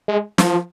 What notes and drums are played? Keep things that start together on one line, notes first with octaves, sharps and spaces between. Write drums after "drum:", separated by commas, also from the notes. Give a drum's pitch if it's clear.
G#3
F3, drum: snare